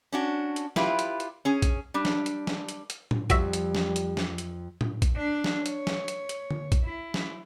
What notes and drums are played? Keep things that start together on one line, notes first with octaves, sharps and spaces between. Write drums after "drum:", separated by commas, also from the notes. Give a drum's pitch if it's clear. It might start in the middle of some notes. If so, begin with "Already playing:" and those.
C#4 D4 F#4
drum: hi-hat
E4 F4 G4 B4, drum: snare
drum: hi-hat
drum: hi-hat
C#4 G#4
drum: kick A#1, hi-hat
G3 D4
drum: snare
drum: hi-hat
drum: snare
drum: hi-hat
drum: hi-hat
drum: tom A2
F2 G3 F#4 E5, drum: kick A#1, hi-hat
drum: hi-hat
drum: snare
drum: hi-hat
drum: snare
drum: hi-hat
drum: tom A2
drum: kick A#1, hi-hat
D4
drum: snare
C#5, drum: hi-hat
drum: snare
drum: hi-hat
drum: hi-hat
drum: tom D3
drum: kick A#1, hi-hat
E4
drum: snare